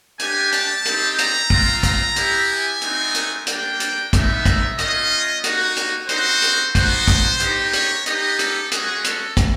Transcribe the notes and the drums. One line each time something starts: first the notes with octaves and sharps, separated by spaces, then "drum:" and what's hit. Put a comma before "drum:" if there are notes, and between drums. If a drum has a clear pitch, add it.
A3 D4 G4 G#5, drum: hi-hat
A5, drum: hi-hat
G3 C4 D#4 G4, drum: hi-hat
A#5, drum: hi-hat
A3 C4 F4, drum: kick
A#5, drum: kick, hi-hat
B3 E4 G4, drum: hi-hat
G#5
A3 C4 D#4 F#4, drum: hi-hat
drum: hi-hat
G3 A#3 D4 G5, drum: hi-hat
drum: hi-hat
G#3 B3 D#4 E5, drum: kick, hi-hat
drum: kick, hi-hat
A3 C#4 F4 D#5, drum: hi-hat
A#3 D#4 F#4, drum: hi-hat
drum: hi-hat
C4 D#4 F#4 C5, drum: hi-hat
drum: hi-hat
B3 D#4 F#4 C5, drum: kick, hi-hat
drum: kick, hi-hat
B3 D#4 G4, drum: hi-hat
C#5, drum: hi-hat
B3 D#4 G4 D#5, drum: hi-hat
A4, drum: hi-hat
G#3 C#4 F#4 G#4, drum: hi-hat
A4, drum: hi-hat
drum: kick, hi-hat